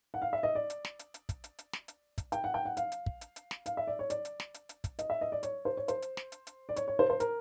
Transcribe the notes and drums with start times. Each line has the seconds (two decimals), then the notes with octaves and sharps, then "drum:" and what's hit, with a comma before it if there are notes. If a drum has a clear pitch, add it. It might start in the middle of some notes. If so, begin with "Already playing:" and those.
0.14 F#5
0.22 F5
0.33 E5
0.43 D#5
0.55 D5
0.70 drum: hi-hat
0.85 drum: snare
0.99 drum: hi-hat
1.14 drum: hi-hat
1.29 drum: kick, hi-hat
1.44 drum: hi-hat
1.59 drum: hi-hat
1.73 drum: snare
1.88 drum: hi-hat
2.18 drum: kick, hi-hat
2.32 G5, drum: hi-hat
2.44 F#5
2.54 G5
2.65 F#5
2.77 F5, drum: hi-hat
2.92 drum: hi-hat
3.06 drum: kick
3.21 drum: hi-hat
3.36 drum: hi-hat
3.51 drum: snare
3.66 F5, drum: hi-hat
3.77 E5
3.87 D5
3.99 C#5
4.10 D5, drum: hi-hat
4.25 drum: hi-hat
4.40 drum: snare
4.54 drum: hi-hat
4.69 drum: hi-hat
4.84 drum: kick, hi-hat
4.99 D#5, drum: hi-hat
5.10 E5
5.21 D#5
5.32 D5
5.43 C#5, drum: hi-hat
5.65 C5
5.77 C#5
5.88 C5, drum: hi-hat
6.02 drum: hi-hat
6.17 drum: snare
6.32 drum: hi-hat
6.47 drum: hi-hat
6.69 D5
6.76 C#5, drum: hi-hat
6.88 C#5
6.99 C5
7.10 C5
7.20 A#4, drum: hi-hat